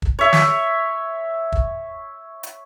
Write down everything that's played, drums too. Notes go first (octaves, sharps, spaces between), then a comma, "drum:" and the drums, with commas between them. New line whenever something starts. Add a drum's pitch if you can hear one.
drum: kick
C#5 E5
drum: snare
drum: kick
drum: hi-hat